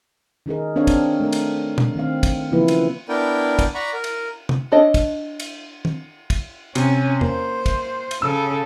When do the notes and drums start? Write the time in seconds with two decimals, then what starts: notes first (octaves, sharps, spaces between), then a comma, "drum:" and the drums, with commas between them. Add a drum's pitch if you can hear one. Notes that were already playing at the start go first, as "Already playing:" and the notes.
0.46 D#3 D#4 G#4 A#4
0.76 C4 D4 A#4 C#5 F5
0.87 drum: kick, cymbal
1.20 A3 A#4
1.33 drum: cymbal
1.78 drum: tom
1.96 D#3 C4 F5
2.23 drum: kick, cymbal
2.52 C#3 E3 F3 A#3 E4 B4
2.68 drum: cymbal
3.09 B3 D4 E4 A#4 D5 G5
3.59 drum: kick, cymbal
3.74 D5 F#5 A#5 B5 C#6
3.93 A#4
4.04 drum: cymbal
4.49 drum: tom
4.72 D4 A4 C#5 D#5
4.94 drum: kick, cymbal
5.40 drum: cymbal
5.85 drum: tom
6.30 drum: kick, cymbal
6.75 C3 C#4, drum: cymbal
7.21 A#3 C5, drum: tom E2
7.66 drum: kick, cymbal
8.11 drum: cymbal
8.22 C#3 A4 E6